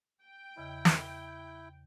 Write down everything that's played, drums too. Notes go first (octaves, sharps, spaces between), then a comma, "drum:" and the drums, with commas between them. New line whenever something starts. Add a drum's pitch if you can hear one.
G5
E2 C#3 E4 D#5
drum: snare